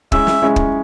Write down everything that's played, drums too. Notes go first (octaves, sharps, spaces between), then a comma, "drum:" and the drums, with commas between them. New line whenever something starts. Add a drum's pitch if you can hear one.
G#3 C#4 E4 G#4 E5, drum: kick
drum: snare
G#3 C#4 E4 G#4
drum: kick